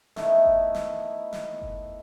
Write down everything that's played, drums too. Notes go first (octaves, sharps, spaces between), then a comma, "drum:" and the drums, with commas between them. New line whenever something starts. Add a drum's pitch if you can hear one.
D#3 A3 B3 E4, drum: snare
drum: kick F#1
drum: snare
drum: snare
drum: kick F#1